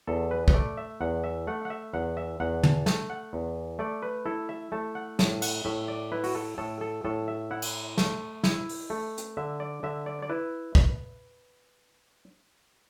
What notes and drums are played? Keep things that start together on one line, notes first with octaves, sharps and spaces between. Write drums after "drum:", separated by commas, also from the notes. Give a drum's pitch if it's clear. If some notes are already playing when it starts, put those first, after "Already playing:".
E2 A4
B4
B4, drum: kick
A3 D5
E5
E2 F#5
E5
A3 F#5
F#5
E5
E2 F#5
E5
E2 F#5
A5, drum: tom
A3 A5, drum: snare
F#5
E2
A3 D5
B4
E4 A4
E5
A3 A5
F#5
A2 A5, drum: snare
F#5, drum: cymbal
A2 E5
D5
E4 B4
F#4, drum: open hi-hat
A4
A2 A4
A4
A2 A4
E5
E4 F#5
drum: cymbal
A3, drum: snare
E4, drum: snare
drum: open hi-hat
A3
drum: hi-hat
D3 E5
D5
D3 E5
D5
D5
E4 B4
drum: kick